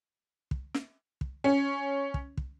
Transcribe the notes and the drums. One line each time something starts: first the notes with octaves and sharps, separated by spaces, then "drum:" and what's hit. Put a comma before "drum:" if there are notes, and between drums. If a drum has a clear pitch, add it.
drum: kick
drum: snare
drum: kick
C#4
drum: kick
drum: kick